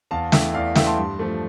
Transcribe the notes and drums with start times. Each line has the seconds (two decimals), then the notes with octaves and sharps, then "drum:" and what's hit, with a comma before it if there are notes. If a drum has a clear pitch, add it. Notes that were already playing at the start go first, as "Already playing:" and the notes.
0.11 E2 F5 A5
0.32 E3 A3 E5 G5, drum: snare
0.54 E2 D5 F5
0.75 E3 A3 E5 G5, drum: snare
0.87 A5 C6
0.97 G2
1.19 F3 A3